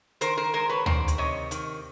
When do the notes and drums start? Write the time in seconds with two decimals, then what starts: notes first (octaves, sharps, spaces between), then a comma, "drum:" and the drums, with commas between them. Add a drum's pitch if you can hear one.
0.21 D#3 A#4 C5, drum: hi-hat
0.37 A#4 C5
0.54 G#3 A#4 C5
0.69 B4 C#5
0.86 D#3 C5 D5, drum: tom
1.08 drum: hi-hat
1.18 C3 C#5 D#5
1.51 D#3, drum: hi-hat